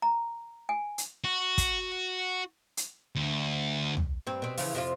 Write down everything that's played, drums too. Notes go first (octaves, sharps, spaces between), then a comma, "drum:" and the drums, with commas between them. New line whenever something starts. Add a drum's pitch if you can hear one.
A#5
G#5
drum: hi-hat
F#4
drum: kick, hi-hat
drum: hi-hat
D2
drum: tom
G2 C4
B2 C4
C#3 E3 F3, drum: open hi-hat
F2 C3 F4